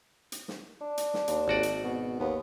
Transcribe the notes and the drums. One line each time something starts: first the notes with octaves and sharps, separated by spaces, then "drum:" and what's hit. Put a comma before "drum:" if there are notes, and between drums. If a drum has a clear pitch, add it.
drum: hi-hat
drum: snare
D4
drum: hi-hat
drum: snare
D#2, drum: hi-hat
G#1 F#4 D5
drum: hi-hat
B2
D#2 B3